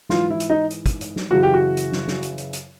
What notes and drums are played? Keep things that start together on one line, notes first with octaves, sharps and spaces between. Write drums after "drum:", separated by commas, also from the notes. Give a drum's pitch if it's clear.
G#2 E3 F4, drum: snare
E4
drum: hi-hat
D#4
drum: hi-hat
drum: kick, hi-hat
drum: hi-hat
drum: snare
F#2 C#3 E3 F#4
G4
F#4
drum: hi-hat
drum: snare
drum: snare
drum: hi-hat
drum: hi-hat
drum: hi-hat